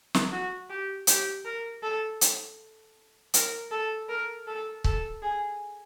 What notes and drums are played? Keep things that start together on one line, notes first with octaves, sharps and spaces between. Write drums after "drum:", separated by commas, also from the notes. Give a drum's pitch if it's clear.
drum: snare
F#4
G4
G4, drum: hi-hat
A#4
A4
drum: hi-hat
A#4, drum: hi-hat
A4
A#4
A4
A4, drum: kick C#1
G#4